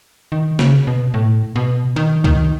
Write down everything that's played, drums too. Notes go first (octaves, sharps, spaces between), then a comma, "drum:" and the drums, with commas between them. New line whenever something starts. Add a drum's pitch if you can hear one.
D#3
C#3, drum: snare
B2
A2
B2
D#3
D#3, drum: kick C2